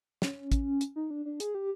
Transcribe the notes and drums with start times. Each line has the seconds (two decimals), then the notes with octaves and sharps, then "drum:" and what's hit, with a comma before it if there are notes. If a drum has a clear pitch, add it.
0.22 C#4, drum: snare
0.52 drum: kick A1, hi-hat
0.81 drum: hi-hat
0.96 D#4
1.10 D4
1.26 D4
1.40 G#4, drum: hi-hat
1.55 G4